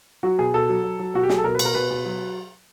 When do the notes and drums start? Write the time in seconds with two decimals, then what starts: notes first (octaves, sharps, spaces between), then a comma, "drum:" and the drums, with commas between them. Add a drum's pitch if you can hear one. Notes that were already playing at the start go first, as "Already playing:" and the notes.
0.23 F#3 F#4
0.38 B2 G#4
0.54 B2 A4
0.69 F#3
0.84 F#3
0.99 F#3
1.14 B2 F#4
1.23 G4
1.29 F#3 G#4, drum: snare
1.38 A4
1.44 B2 A#4
1.55 B4
1.59 B2, drum: cymbal
1.65 A#4
1.74 B2 B4
1.90 B2
2.05 F#3